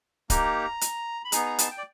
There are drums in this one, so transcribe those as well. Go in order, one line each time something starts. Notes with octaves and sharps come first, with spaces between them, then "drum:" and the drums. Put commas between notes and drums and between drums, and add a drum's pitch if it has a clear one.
A#3 D#4 G4 A#5, drum: kick C#1, hi-hat
drum: hi-hat
B5
B3 D#4 G#4 A#5, drum: hi-hat
A#5
A5, drum: hi-hat
G5
D5